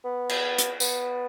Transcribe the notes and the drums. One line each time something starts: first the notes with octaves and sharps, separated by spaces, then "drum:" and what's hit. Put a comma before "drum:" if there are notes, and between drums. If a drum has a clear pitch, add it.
B3
drum: cymbal
drum: hi-hat
B3, drum: tambourine